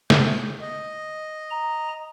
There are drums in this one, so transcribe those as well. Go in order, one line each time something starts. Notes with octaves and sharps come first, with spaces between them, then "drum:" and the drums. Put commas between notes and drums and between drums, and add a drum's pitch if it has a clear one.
G6, drum: snare
D#5
A#5